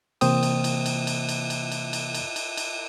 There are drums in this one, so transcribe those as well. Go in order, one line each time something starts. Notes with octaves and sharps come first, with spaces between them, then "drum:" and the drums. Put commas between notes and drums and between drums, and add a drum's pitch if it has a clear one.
C3 E3 A#3 C5 G5 D#6, drum: cymbal
drum: cymbal
drum: cymbal
drum: cymbal
drum: cymbal
drum: cymbal
drum: cymbal
drum: cymbal
drum: cymbal
drum: cymbal
drum: cymbal
drum: cymbal